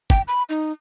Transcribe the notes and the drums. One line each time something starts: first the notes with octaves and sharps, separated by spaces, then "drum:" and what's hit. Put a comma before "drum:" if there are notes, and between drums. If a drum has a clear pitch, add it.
G5, drum: kick
B5
D#4